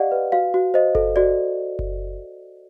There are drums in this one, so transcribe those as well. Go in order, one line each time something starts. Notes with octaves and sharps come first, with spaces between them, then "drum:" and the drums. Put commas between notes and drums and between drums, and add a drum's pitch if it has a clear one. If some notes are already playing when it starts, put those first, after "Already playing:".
Already playing: G4 D5 D#5 F5 F#5
B4
F#4 F5
F#4
C5 D#5
A4, drum: kick F#1
F#4 D5
drum: kick F#1